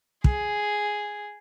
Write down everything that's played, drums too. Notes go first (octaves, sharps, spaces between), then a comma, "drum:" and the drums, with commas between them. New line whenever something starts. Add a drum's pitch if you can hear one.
G#4, drum: kick